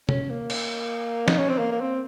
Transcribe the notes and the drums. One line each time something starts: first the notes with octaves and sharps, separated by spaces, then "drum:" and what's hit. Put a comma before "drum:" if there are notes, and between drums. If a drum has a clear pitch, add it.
C#4, drum: tom
A#3
drum: cymbal
D#4, drum: snare
C#4
C4
A#3
A#3
C4